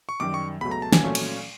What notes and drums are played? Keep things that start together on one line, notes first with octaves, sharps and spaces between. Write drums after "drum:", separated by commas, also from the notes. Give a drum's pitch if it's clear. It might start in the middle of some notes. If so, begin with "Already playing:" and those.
C#6
F#2 D#3 G3 D6
C#6
C#2 B2 F#3 A3 B5
A#5
A5
G#5, drum: snare
A#2 F#3 A3 C#4
drum: cymbal